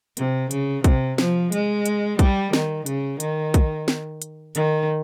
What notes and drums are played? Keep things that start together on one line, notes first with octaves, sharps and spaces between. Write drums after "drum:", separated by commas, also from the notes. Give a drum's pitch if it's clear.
C3, drum: hi-hat
C#3, drum: hi-hat
C3, drum: kick, hi-hat
F3, drum: snare
G#3, drum: hi-hat
drum: hi-hat
G3, drum: kick, hi-hat
D#3, drum: snare
C#3, drum: hi-hat
D#3, drum: hi-hat
drum: kick, hi-hat
drum: snare
drum: hi-hat
D#3, drum: hi-hat